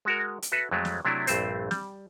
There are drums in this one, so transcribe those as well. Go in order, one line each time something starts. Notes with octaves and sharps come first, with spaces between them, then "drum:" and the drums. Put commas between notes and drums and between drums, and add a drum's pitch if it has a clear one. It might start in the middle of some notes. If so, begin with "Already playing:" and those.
G#3 F#4 A#4
drum: hi-hat
F#4 A4 B4 E5 F#5
F2 F#3 G#3 A3
drum: snare
C3 F#3 A3 D4 E4
A#1 G2 A3 C4 C5, drum: hi-hat
G3, drum: snare